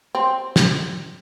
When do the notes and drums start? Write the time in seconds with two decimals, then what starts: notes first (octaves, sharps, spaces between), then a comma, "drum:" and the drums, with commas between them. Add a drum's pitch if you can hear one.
0.15 C4
0.56 drum: snare